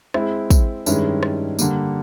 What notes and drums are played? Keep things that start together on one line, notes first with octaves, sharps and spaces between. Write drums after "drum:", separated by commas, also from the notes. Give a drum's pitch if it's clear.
G#3 C4 E4, drum: rim click
drum: kick, tambourine
G2 D#3 G#3 C#4 E4, drum: tambourine
drum: rim click
D3 G3 A#3, drum: tambourine